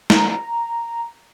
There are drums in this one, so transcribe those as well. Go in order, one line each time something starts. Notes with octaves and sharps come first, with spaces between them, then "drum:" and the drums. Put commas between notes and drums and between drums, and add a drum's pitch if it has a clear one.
A#5, drum: snare